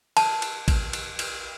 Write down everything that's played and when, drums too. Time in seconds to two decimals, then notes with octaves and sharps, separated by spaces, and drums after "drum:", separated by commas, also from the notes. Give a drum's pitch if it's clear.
0.17 A5, drum: cymbal
0.42 drum: cymbal
0.68 drum: kick A1, cymbal
0.93 drum: cymbal
1.19 drum: cymbal